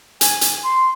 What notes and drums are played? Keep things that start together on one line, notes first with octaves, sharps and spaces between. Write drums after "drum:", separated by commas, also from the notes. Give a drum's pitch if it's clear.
G#5, drum: hi-hat
drum: hi-hat
C6